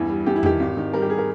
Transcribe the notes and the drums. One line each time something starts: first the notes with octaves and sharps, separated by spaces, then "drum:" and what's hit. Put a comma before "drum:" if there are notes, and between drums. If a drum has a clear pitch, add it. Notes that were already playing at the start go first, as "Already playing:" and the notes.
Already playing: E2 G2 E4
G3
E2 G4
E4
D#3 G4, drum: tom E2
G#1
D#3
G3 A#4
G4
G#4
A#4